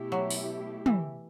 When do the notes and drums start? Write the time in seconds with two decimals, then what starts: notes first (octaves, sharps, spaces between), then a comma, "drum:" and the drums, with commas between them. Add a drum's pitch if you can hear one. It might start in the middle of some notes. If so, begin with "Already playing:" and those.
Already playing: B2 A3 E4 G4
0.12 F#3
0.30 drum: open hi-hat
0.86 E3, drum: tom